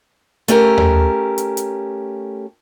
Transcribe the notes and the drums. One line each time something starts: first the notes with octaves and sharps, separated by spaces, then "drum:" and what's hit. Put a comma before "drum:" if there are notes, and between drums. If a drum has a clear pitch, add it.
A3 C#4 G4 A#4, drum: hi-hat
drum: tom D#2
drum: hi-hat
drum: hi-hat